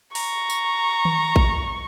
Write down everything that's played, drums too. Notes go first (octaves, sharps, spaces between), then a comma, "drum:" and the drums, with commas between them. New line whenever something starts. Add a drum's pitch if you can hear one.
A#5 C#6, drum: open hi-hat
drum: tambourine
drum: tom D#3
drum: kick A#1